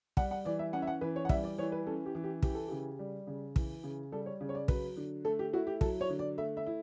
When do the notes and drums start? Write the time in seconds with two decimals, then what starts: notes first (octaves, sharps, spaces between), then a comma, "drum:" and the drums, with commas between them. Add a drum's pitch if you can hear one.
0.17 G3 F#5, drum: kick
0.31 F#5
0.45 E3 D5
0.59 E5
0.73 C#4 F#5
0.82 E5
0.87 F#5
1.01 E3 B4
1.16 C#5
1.25 F#5
1.29 G3 E5, drum: kick
1.44 D5
1.58 E3 C#5
1.72 B4
1.87 C#4 A4
2.06 G4
2.15 E3
2.24 G4
2.43 E3 G4, drum: kick
2.55 A4
2.68 C#3 G4
2.99 G3
3.27 C#3
3.56 E3, drum: kick
3.84 C#3
4.12 G3 A4
4.26 C#5
4.41 C#3
4.49 C#5
4.55 D5
4.68 F#3 B4, drum: kick
4.97 D3
5.25 A3 A4
5.39 G4
5.53 E4 F#4
5.67 G4
5.81 F#3 A4, drum: kick
6.01 C#5
6.09 D3
6.19 D5
6.38 A3 E5
6.57 E5
6.66 E4